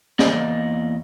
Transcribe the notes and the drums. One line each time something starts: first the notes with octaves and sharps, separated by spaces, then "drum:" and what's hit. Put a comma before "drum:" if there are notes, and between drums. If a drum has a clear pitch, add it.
E2 A#3 D5 D#5, drum: snare